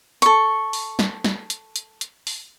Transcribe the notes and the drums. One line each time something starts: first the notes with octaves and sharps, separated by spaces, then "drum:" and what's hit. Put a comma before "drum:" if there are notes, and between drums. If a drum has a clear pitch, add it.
A4 C#6, drum: hi-hat
drum: open hi-hat
drum: snare
drum: snare
drum: hi-hat
drum: hi-hat
drum: hi-hat
drum: open hi-hat